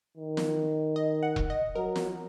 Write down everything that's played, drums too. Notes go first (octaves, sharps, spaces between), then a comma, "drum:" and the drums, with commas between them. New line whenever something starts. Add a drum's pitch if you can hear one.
D#3
drum: snare
D#5
F#5
drum: kick E1
D#5
F#3 A#4
drum: snare